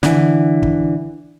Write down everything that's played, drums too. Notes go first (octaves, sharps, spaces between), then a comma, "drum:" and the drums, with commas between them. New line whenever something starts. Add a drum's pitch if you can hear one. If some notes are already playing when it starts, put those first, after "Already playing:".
D3 E3, drum: snare
drum: kick